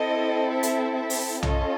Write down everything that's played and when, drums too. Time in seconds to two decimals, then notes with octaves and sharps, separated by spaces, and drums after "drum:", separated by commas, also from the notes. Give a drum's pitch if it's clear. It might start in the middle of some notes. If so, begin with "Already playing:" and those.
Already playing: C4 E4 A4 D#5
0.53 E5
0.63 drum: hi-hat
0.97 E5
1.10 drum: open hi-hat
1.43 C#4 F4 A4 D#5, drum: tom B1